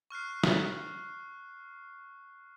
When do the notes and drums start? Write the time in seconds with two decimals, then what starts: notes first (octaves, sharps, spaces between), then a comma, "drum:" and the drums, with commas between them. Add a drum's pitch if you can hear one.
0.10 C#6 F6 F#6 C7
0.44 drum: snare